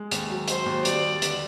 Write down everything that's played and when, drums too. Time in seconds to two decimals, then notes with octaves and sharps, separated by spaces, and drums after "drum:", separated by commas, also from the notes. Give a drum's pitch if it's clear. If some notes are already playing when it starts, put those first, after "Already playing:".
Already playing: G#3
0.11 D#2, drum: hi-hat
0.30 F#3
0.48 F#3 C5, drum: hi-hat
0.66 D#2
0.85 G3 D5, drum: hi-hat
1.03 G3
1.22 D3, drum: hi-hat